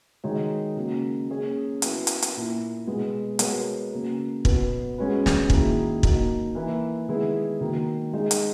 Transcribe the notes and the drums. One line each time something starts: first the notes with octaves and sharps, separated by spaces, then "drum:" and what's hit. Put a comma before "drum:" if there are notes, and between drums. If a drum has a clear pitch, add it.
D#3 G#3 D#4 F#4 C#5
C#3 F#3 A#3
A#3 C#4 G#4 C#5
F#3 B3 E4, drum: hi-hat
drum: hi-hat
drum: hi-hat
A#2 A#3 E4
B2 G#3 B3
G#3 B3 F#4 A#4 C#5, drum: hi-hat
C#3 F#3 A#3
B2 F#3 B3, drum: kick
G#3 C#4 F#4 B4
drum: snare
D#3 F#3 A#3 E4 G#4, drum: kick
F#3 A#3 D#4, drum: kick
E3 A#3 E4 B4
D#3 G#3 B3 E4 G#4
D#3 F#3 A#3
G#3 D#4 G#4
drum: hi-hat